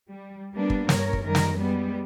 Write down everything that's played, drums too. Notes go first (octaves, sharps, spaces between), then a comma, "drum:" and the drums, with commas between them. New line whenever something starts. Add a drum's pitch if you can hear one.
G3
G3 A#3 B3 D4
drum: kick
G2 A#4 C#5, drum: snare
drum: kick
F#2 D#3 G3 A#4
drum: snare
G3 G#3 B3